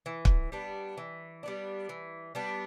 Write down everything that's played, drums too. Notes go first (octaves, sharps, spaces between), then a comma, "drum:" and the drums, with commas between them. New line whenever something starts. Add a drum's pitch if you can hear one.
E3
drum: kick
G3 B3 D4
E3
G3 B3 D4
E3
G3 B3 D4